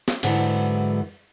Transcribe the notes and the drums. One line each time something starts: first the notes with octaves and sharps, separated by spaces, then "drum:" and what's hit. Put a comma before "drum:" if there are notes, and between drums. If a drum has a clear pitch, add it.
drum: snare
G#2 D3 F#3 E4 B4, drum: cymbal